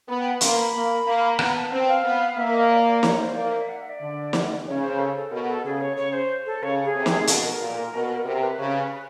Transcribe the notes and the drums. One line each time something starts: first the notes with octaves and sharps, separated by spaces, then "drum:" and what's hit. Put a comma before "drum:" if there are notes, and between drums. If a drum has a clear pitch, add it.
B3 B5
G5
B5
A#3 C6, drum: hi-hat
B5
A#3
A#3
B3 A#5, drum: rim click
A5
C4
F5
B3
A#3 E5
D#5
D5
D5
C#5, drum: snare
C5
A#3 D5
E5
F#5
E5
D5
D3
drum: snare
C#3 C#5
C5
A4
A4
B2 A#4
A4
C#3 G#4
C#5
C#3 C#5
C5
A4
C#3 C#5
G#4
C3
drum: snare
B2 A4, drum: hi-hat
A#4
A#2
B2
C3 A#4
B4
C#3 B4